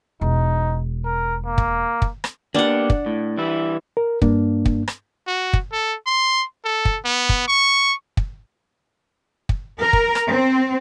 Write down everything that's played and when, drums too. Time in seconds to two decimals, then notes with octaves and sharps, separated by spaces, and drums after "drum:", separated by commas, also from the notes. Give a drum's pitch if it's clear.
0.21 E1 D#4
1.05 A#4
1.46 A#3
1.58 drum: kick
2.02 drum: kick
2.24 drum: rim click
2.55 A#3 B3 D4 G4 F#5
2.90 drum: kick
3.06 A2
3.38 E3 G3 E4
3.97 A#4
4.22 G2 A#3 D4, drum: kick
4.66 drum: kick
4.88 drum: rim click
5.27 F#4
5.53 drum: kick
5.72 A4
6.06 C6
6.64 A4
6.85 drum: kick
7.05 B3
7.29 drum: kick
7.48 C#6
8.17 drum: kick
9.49 drum: kick
9.81 A#4
9.93 drum: kick
10.15 drum: rim click
10.28 C4